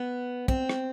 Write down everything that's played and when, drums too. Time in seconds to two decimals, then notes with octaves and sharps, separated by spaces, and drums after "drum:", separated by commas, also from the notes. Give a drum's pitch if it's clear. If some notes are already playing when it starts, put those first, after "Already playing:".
Already playing: B3
0.48 C4, drum: kick
0.69 drum: rim click